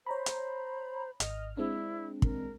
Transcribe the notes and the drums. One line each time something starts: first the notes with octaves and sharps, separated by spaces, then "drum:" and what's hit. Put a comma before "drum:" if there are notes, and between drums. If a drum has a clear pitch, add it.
C5 C#5 A#5 B5
drum: hi-hat
G#1 D#5 F6, drum: hi-hat
G#3 C4 D4 E4
A#4, drum: kick